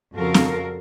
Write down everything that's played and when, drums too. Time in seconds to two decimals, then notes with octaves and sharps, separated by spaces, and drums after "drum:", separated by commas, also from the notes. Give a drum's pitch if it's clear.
0.15 F2 C#3 F#4 A4 A#4 F5
0.34 drum: snare C4